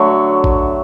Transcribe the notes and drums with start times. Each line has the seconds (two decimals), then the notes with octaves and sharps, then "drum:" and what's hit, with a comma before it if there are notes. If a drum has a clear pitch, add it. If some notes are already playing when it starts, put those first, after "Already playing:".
Already playing: D3 F#3 A3 C#5
0.44 drum: kick A1